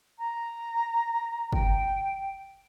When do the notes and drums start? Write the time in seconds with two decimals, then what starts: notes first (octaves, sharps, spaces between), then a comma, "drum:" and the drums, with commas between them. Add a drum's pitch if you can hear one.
0.18 A#5
1.52 G5, drum: kick